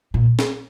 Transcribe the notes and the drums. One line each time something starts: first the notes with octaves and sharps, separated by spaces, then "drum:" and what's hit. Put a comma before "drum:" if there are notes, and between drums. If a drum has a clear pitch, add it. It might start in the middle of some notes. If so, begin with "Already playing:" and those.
A#2
drum: snare